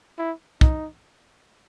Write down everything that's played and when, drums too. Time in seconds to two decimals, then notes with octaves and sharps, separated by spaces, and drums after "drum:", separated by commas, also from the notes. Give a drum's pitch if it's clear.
0.18 E4
0.61 D#4, drum: kick